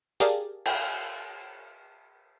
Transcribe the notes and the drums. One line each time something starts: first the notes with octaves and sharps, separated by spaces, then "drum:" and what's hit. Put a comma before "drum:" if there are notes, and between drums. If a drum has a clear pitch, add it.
G4 G#4 A#4 D5 F5 A5, drum: open hi-hat
drum: cymbal